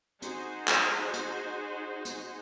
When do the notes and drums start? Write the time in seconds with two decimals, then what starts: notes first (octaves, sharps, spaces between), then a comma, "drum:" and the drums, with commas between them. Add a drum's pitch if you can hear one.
0.22 D#4 F#4 G#4 C5, drum: hi-hat
0.68 drum: clap
1.14 drum: hi-hat
2.05 drum: hi-hat